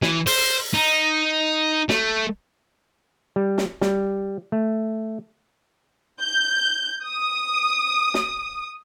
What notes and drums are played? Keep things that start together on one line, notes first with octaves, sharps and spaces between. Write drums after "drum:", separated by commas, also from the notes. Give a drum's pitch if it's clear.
E3, drum: snare
C5, drum: open hi-hat
D#4
A3, drum: snare
G3
drum: snare
G3, drum: snare
A3
G6
D#6
drum: snare